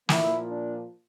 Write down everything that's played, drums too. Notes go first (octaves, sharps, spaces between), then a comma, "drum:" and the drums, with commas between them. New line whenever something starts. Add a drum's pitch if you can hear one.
A#2 F3 A#3 E4, drum: snare
D4